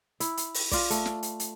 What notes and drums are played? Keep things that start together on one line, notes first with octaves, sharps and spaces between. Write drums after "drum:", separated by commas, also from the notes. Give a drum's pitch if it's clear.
E4, drum: hi-hat
drum: hi-hat
drum: open hi-hat
F4 D5, drum: kick, open hi-hat
A3, drum: hi-hat
drum: snare
drum: hi-hat
drum: hi-hat